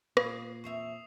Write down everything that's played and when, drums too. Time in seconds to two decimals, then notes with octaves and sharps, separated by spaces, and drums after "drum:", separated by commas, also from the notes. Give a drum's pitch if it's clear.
0.17 A#2 F5 B5 D#6 G#6 C7, drum: rim click
0.64 E2 C4 E5 C#6 C7 F7